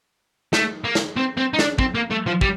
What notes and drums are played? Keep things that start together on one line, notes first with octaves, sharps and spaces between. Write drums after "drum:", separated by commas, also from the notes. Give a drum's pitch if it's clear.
A3, drum: snare
A#3
drum: snare
C4
C4
D#4
D4, drum: snare
C4, drum: kick
A#3
A3
F3
G3, drum: kick